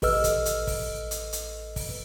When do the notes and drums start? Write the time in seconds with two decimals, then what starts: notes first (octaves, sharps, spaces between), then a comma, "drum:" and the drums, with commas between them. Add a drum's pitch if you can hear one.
0.02 A1 A4 B4 D#5 E6 F6, drum: kick, open hi-hat
0.24 drum: kick, hi-hat
0.46 drum: hi-hat
0.67 drum: kick, open hi-hat
1.11 drum: hi-hat
1.33 drum: hi-hat
1.76 drum: kick, open hi-hat